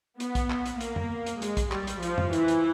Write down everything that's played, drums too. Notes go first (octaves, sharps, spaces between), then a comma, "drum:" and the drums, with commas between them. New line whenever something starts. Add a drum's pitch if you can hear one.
B3, drum: hi-hat
drum: kick, hi-hat
drum: clap
drum: hi-hat
A#3, drum: hi-hat
drum: tom F2
drum: hi-hat
G#3, drum: hi-hat
drum: kick, hi-hat
G3, drum: clap
drum: hi-hat
F3, drum: hi-hat
drum: tom F2
E3, drum: hi-hat
drum: hi-hat